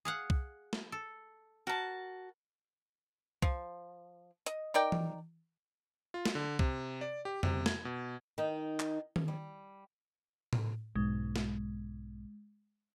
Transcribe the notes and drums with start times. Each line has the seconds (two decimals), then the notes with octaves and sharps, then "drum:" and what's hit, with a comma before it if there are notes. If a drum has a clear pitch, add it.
0.05 G#4 F5 F#5
0.30 drum: kick C2
0.73 drum: snare
0.92 A4
1.67 F#4 A#4 A5
3.42 F3, drum: kick C2
4.46 D#5, drum: hi-hat
4.74 D#4 A#4 D5 G5
4.92 drum: tom E3
6.14 F4
6.25 drum: snare
6.35 D3
6.59 C3, drum: kick C2
7.01 D5
7.25 G4
7.43 C3, drum: tom F2
7.66 G#6, drum: snare
7.85 B2
8.38 D#3 D#4
8.80 drum: clap
9.16 drum: tom D#3
9.28 G3
10.53 drum: tom A2
10.95 B1 G#2 G#3
11.36 drum: snare